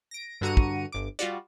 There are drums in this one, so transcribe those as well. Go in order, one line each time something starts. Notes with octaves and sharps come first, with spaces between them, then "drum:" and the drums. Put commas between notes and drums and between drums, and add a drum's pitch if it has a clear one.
A#6 D7
G2 D3 F#4 A#5 C#7 D#7
drum: kick
G1 D6
G3 F4 F#4 D5, drum: hi-hat